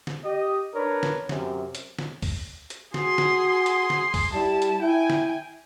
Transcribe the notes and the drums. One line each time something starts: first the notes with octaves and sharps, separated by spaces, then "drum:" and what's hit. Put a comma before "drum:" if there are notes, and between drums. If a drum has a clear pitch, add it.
drum: snare
G4 D#5
D4 A#4 B4 C#5
drum: snare
F#2 C3, drum: snare
drum: hi-hat
drum: snare
drum: kick, open hi-hat
drum: hi-hat
F#4 G#4 C6, drum: snare
drum: snare
drum: hi-hat
drum: snare
drum: kick, open hi-hat
G3 E4 A5
drum: hi-hat
E4 G5 G#5
drum: snare